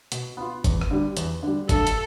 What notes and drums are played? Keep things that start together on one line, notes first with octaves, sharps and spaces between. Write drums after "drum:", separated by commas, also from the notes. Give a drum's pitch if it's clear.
B2, drum: hi-hat
B3 F4
E2, drum: kick, hi-hat
drum: rim click
D3 G3
E2, drum: hi-hat
D3 G3
G2 A4, drum: kick, hi-hat
drum: hi-hat